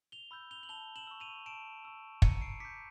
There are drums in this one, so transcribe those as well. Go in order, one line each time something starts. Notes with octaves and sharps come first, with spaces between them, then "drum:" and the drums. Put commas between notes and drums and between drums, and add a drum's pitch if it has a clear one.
F7 G7
B5 E6 G6
F7 G7
F#7
A5 F7 G7
E7 F#7
C#6 E6
D#7 F7
A5 D7 E7
C#6 E6
A#5 C#7 D#7, drum: kick
C7 D7
D6 G6 B6 C#7